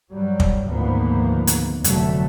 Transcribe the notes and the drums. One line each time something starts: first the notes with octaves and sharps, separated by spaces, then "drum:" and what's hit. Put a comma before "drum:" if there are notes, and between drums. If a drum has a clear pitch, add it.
G2 F#3 G3
drum: kick
D2 G#2 D#3 F3 A#3 B3
drum: hi-hat
F1 D2 D3 F#3 A3, drum: hi-hat